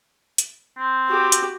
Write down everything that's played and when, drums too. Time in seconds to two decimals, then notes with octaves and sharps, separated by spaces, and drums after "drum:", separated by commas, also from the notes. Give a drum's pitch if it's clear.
0.38 drum: hi-hat
0.78 C4
1.09 F#4 G4
1.32 drum: hi-hat